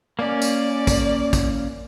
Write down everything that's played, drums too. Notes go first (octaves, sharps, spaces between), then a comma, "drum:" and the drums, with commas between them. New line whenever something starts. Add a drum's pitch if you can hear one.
A#3 C#4 D5
drum: tambourine
drum: kick, tambourine
drum: kick, tambourine